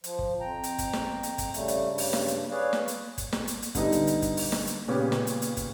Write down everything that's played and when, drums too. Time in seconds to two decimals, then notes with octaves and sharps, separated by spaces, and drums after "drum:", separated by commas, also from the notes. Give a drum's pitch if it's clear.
0.04 F3, drum: hi-hat
0.19 drum: kick
0.41 F2 G5 A#5
0.63 drum: hi-hat
0.78 drum: kick, hi-hat
0.93 drum: snare
1.23 drum: hi-hat
1.38 drum: kick, hi-hat
1.54 C#3 G3 A3, drum: hi-hat
1.68 drum: hi-hat
1.89 G2 C#3
1.98 drum: open hi-hat
2.13 drum: snare
2.28 drum: hi-hat
2.51 G#4 B4 C#5 D5 F5
2.73 drum: snare
2.88 drum: hi-hat
3.18 drum: kick, hi-hat
3.33 drum: snare
3.47 drum: hi-hat
3.62 drum: hi-hat
3.75 D3 G3 B3 D#4, drum: kick, hi-hat
3.92 drum: hi-hat
4.07 drum: hi-hat
4.22 drum: kick, hi-hat
4.37 drum: open hi-hat
4.52 drum: snare
4.67 drum: hi-hat
4.88 A#2 C#3 B3 C#4 G4
5.12 drum: snare
5.27 drum: hi-hat
5.42 drum: hi-hat
5.57 drum: kick, hi-hat